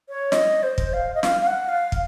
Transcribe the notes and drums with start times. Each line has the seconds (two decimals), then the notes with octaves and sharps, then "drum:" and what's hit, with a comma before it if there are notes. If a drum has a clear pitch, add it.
0.09 C#5
0.32 D#5, drum: snare
0.63 C5
0.78 drum: kick
0.93 F5
1.15 D#5
1.23 F5, drum: snare
1.41 F5
1.47 F#5
1.69 F5
1.92 drum: kick